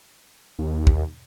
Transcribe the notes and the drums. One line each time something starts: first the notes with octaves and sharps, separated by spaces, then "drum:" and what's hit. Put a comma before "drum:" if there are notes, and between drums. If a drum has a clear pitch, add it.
D#2
drum: kick